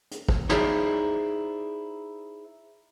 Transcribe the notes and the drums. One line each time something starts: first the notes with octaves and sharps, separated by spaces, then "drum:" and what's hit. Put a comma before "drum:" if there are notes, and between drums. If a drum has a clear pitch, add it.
drum: hi-hat
drum: kick
D#4 E4 G#4 C5 D5, drum: snare